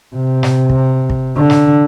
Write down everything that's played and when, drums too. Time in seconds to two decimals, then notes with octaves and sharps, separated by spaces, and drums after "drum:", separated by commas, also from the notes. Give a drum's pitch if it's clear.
0.16 C3
0.43 drum: snare
0.70 drum: kick
1.10 drum: kick
1.37 D3
1.50 drum: snare